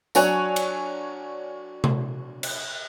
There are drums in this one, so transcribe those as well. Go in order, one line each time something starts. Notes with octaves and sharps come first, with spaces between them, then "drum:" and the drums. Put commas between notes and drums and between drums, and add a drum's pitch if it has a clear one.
F#3 D4 C#5 G#5 F#6, drum: tambourine
drum: cymbal
drum: tom C3
drum: cymbal